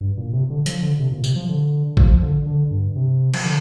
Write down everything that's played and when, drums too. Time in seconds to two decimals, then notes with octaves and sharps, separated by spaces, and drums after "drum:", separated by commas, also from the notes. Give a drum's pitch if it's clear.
0.01 G2
0.17 A#2
0.33 C3
0.50 D3
0.66 F3, drum: hi-hat
0.83 D3
0.99 C3
1.11 A#2
1.24 C3, drum: tambourine
1.36 F3
1.49 D3
1.97 F3, drum: kick
2.22 D3
2.46 D3
2.71 G2
2.96 C3
3.34 F3, drum: cymbal
3.45 D3